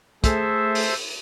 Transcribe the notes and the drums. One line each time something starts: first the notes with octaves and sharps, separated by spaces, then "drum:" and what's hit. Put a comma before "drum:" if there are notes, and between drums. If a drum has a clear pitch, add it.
A3 G#4 A4 C5 E5, drum: kick, hi-hat
drum: open hi-hat